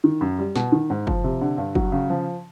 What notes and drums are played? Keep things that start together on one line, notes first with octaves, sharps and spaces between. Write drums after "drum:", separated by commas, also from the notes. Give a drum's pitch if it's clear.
D#3
F#2
G3
B2, drum: snare
D#3
G#2
F3, drum: kick
C3
D3
G2
F#3, drum: kick
C#3
F3